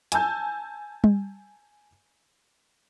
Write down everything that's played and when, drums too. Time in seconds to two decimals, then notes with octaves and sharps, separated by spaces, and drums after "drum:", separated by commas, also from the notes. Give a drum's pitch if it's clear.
0.12 G#5 A5 E6 G6, drum: hi-hat
1.04 drum: tom G3